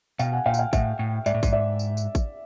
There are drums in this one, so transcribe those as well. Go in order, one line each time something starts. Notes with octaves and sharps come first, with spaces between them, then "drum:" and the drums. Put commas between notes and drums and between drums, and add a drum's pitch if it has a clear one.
B2 F5 G5, drum: tambourine
F#5 G#5
A#2 F5 G5
F#5, drum: tambourine
F5 G5
A2 E5 F#5, drum: kick A1, tambourine
A2
G#2 D5 E5, drum: tambourine
A2
G#2, drum: kick A1, tambourine
D5 E5
drum: tambourine
drum: tambourine
drum: kick A1, tambourine